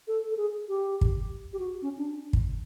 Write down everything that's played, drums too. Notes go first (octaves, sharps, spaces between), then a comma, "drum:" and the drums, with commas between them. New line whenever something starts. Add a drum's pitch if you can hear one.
A4
A4
G#4
G4
drum: kick
G4
F#4
C#4
D4
drum: kick